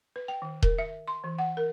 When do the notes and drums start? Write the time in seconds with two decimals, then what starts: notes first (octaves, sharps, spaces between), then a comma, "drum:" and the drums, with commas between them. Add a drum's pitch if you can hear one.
0.16 B4
0.28 G5
0.42 D#3
0.63 A#4, drum: kick D#1
0.78 E5
1.08 C6
1.24 E3
1.39 F#5
1.57 A#4